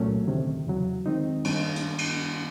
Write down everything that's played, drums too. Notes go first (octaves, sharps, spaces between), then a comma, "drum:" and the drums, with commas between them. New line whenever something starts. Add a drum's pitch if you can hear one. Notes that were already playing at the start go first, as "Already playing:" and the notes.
Already playing: C2 A#2 F#3 A3 C#4
D2 C3 D#3
E2 C#3 F#3
D#3 G#3 C4 D#4
G2 D#3 G3 A#3 D4, drum: cymbal
drum: hi-hat
drum: cymbal